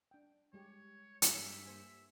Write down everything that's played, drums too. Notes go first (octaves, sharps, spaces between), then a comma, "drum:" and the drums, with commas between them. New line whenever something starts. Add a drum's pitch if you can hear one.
D4 G5
G3 G#3 G4 C#5
G2 F4 F#4 A4 E5 F#5, drum: hi-hat
A#3 C5 G#5